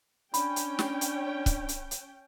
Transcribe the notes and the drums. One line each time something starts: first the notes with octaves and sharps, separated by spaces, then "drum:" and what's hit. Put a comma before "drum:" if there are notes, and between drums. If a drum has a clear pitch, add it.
C#4 D4 G5 B5, drum: hi-hat
drum: hi-hat
drum: snare
drum: hi-hat
drum: kick, hi-hat
drum: hi-hat
drum: hi-hat